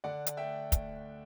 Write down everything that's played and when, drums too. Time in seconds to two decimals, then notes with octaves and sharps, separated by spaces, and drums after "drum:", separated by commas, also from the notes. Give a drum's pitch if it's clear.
0.04 D3 D5 F#5
0.26 drum: hi-hat
0.37 A3 E5 G5
0.72 D2, drum: kick, hi-hat